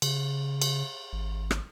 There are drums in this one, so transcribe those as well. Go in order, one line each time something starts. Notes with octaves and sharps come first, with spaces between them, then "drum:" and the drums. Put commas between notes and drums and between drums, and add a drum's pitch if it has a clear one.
C#3, drum: cymbal
drum: cymbal
G#1
drum: rim click